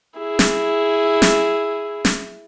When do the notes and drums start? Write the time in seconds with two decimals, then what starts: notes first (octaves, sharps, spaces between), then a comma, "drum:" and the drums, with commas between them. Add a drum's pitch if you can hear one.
0.18 E4 G#4
0.39 drum: snare
1.22 drum: snare
2.05 drum: snare